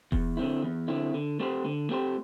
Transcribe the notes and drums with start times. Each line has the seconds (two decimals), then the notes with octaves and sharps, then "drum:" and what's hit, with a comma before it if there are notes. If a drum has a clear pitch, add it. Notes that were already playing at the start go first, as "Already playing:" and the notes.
0.12 E2, drum: kick E1
0.37 D3 C4 E4
0.64 E2
0.88 D3 C4 E4
1.14 D3
1.40 A3 C4 G4 C5
1.65 D3
1.90 A3 C4 G4 C5